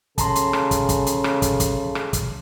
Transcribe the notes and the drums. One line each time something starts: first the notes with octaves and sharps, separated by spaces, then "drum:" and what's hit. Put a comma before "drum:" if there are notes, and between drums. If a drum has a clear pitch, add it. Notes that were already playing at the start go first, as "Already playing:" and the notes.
C#3 A4 A5 A#5 C6, drum: kick, hi-hat
drum: hi-hat
drum: rim click
drum: kick, hi-hat
drum: kick, hi-hat
drum: hi-hat
drum: rim click
drum: kick, hi-hat
drum: kick, hi-hat
drum: rim click
drum: kick, hi-hat